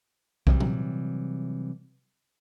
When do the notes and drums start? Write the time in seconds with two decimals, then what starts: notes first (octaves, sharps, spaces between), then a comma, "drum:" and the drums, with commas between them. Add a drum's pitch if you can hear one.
0.47 C3 E3 F#3 G3, drum: kick B1
0.60 drum: tom A#2